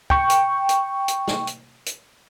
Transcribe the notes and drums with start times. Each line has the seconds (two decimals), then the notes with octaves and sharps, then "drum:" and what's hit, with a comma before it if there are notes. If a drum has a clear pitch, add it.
0.10 G5 C#6, drum: kick
0.30 drum: hi-hat
0.69 drum: hi-hat
1.08 drum: hi-hat
1.28 drum: snare
1.47 drum: hi-hat
1.86 drum: hi-hat